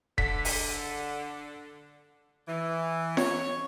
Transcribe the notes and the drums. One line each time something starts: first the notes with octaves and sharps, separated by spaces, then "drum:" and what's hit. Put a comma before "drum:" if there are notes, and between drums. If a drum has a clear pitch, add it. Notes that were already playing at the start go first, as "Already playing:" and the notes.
D3 B6, drum: kick E1
drum: open hi-hat
E3
C#5, drum: snare F4